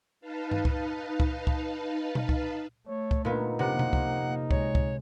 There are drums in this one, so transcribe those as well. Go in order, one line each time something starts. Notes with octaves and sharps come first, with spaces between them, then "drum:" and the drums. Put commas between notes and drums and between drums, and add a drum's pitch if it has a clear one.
D#4 B4 F5 A5
drum: tom G2
drum: kick C#2
drum: kick C#2
drum: kick C#2
drum: tom B2
drum: kick C#2
A3 C#5
drum: kick C#2
A#2 B3 D#4
F2 C3 A#3 F#5
drum: tom B2
drum: kick C#2
G#3 C#5, drum: kick C#2
drum: kick C#2